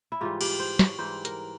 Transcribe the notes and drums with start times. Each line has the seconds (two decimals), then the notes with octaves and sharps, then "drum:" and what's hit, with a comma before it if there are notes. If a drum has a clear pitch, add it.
0.12 E4
0.21 G#2 E3 G3 F4
0.41 G4, drum: cymbal
0.60 C5
0.79 C#5, drum: snare
0.99 G#2 E3 G3 C5
1.25 A#4, drum: hi-hat